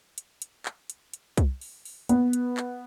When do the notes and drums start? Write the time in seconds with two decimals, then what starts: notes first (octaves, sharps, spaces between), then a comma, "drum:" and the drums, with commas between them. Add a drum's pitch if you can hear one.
0.18 drum: hi-hat
0.42 drum: hi-hat
0.66 drum: clap
0.90 drum: hi-hat
1.14 drum: hi-hat
1.37 drum: kick C2, hi-hat
1.61 drum: open hi-hat
1.85 drum: open hi-hat
2.09 B3, drum: hi-hat
2.33 drum: hi-hat
2.57 drum: clap